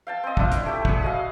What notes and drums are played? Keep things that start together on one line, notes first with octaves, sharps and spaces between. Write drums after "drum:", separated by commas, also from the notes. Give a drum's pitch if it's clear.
F5 G5 A5
C4 D#5
D4 E4 F4, drum: kick
drum: hi-hat
A3 G4
G#4 F#5, drum: kick
F#4 D#5 F5